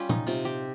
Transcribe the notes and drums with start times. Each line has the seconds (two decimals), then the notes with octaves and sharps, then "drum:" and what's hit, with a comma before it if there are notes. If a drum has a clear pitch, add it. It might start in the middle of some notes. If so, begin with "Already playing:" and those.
Already playing: G3 C#4 F4 G4
0.09 D#4, drum: tom
0.27 C3 F4
0.45 G4